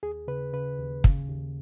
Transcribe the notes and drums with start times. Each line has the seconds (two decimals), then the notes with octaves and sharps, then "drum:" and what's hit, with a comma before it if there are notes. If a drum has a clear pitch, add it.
0.03 D#2 G#4
0.28 C#3 B4
0.53 C#3 B4
0.78 D#2
1.04 C#3, drum: kick
1.29 D#2